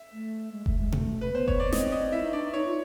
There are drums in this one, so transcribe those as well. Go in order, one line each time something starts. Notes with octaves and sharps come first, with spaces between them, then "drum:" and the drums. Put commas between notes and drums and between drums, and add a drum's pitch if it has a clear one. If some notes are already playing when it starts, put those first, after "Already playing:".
Already playing: E5
A3
G#3
A3, drum: kick F1
G#3
A3, drum: tom B2
B4
B3 C5
C#5, drum: kick F1
D5
B3
C4 D#5, drum: snare
D#5
E4 E5
D#4
D4 D5
D#4
D#4 C#5
F4